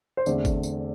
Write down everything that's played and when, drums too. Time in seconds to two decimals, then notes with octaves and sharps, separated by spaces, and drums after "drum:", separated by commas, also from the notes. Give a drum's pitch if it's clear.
0.17 C5
0.26 E2 D3 A3 C4 D5, drum: tambourine
0.45 drum: kick G1, tambourine
0.63 drum: tambourine